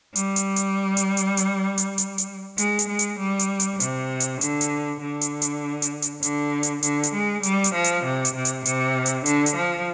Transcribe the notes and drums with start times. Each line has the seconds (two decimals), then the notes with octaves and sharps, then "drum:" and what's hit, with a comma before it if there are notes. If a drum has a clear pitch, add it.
0.16 G3, drum: hi-hat
0.36 drum: hi-hat
0.56 drum: hi-hat
0.97 drum: hi-hat
1.17 drum: hi-hat
1.37 drum: hi-hat
1.78 drum: hi-hat
1.98 drum: hi-hat
2.18 drum: hi-hat
2.58 G#3, drum: hi-hat
2.79 drum: hi-hat
2.88 G#3
2.99 drum: hi-hat
3.19 G3
3.39 drum: hi-hat
3.60 drum: hi-hat
3.80 C3, drum: hi-hat
4.20 drum: hi-hat
4.41 D3, drum: hi-hat
4.61 drum: hi-hat
5.01 D3
5.21 drum: hi-hat
5.42 drum: hi-hat
5.82 drum: hi-hat
6.02 drum: hi-hat
6.23 D3, drum: hi-hat
6.63 drum: hi-hat
6.83 D3, drum: hi-hat
7.03 drum: hi-hat
7.14 G#3
7.43 G3, drum: hi-hat
7.64 drum: hi-hat
7.74 F3
7.84 drum: hi-hat
8.04 C3
8.25 drum: hi-hat
8.35 C3
8.45 drum: hi-hat
8.65 C3, drum: hi-hat
9.06 drum: hi-hat
9.26 D3, drum: hi-hat
9.46 drum: hi-hat
9.56 F3